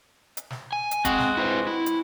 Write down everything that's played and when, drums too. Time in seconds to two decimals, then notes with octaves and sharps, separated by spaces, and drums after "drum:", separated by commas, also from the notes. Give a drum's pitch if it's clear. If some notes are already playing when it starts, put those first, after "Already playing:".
0.37 drum: hi-hat
0.50 drum: snare
0.73 G#5
0.91 drum: hi-hat
1.05 G#3 C4 F#4, drum: kick, hi-hat
1.18 drum: snare
1.37 E4 B4 C5
1.67 E4
1.86 drum: hi-hat